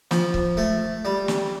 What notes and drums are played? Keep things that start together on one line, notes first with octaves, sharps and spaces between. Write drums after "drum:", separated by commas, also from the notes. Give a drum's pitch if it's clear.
F3, drum: snare
drum: kick C#1
A3
G3
drum: snare